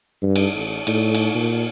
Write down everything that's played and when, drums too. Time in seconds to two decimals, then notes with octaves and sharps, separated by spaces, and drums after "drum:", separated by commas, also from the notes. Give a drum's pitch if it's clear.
0.22 G2
0.36 drum: cymbal
0.54 A1
0.87 A2, drum: cymbal
1.15 drum: cymbal
1.35 A#2